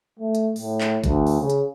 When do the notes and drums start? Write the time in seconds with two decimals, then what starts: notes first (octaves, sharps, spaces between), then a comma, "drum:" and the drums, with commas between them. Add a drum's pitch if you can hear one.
0.19 A3
0.35 drum: hi-hat
0.56 A2, drum: open hi-hat
0.81 drum: clap
1.04 D2, drum: kick G1, hi-hat
1.27 drum: open hi-hat
1.40 C#3
1.50 drum: hi-hat